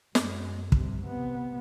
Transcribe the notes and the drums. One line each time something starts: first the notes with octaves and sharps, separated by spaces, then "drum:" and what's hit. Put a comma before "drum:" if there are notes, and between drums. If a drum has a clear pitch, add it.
F#2 G#3, drum: snare
G2 C3, drum: kick
C3 B3